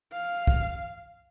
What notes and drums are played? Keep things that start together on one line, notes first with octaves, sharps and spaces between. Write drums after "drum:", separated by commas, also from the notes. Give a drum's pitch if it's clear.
F5
drum: kick